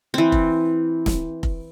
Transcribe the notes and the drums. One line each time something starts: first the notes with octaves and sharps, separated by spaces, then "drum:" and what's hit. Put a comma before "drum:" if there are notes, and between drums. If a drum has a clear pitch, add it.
E3 C4
drum: kick F1
drum: snare
drum: kick F1